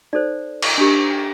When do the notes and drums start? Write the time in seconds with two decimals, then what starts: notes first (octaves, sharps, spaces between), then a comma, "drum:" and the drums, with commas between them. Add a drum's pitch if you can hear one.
0.13 D#4 A4 C5 D5
0.62 drum: cymbal
0.78 D4 G4 A#4
1.11 G5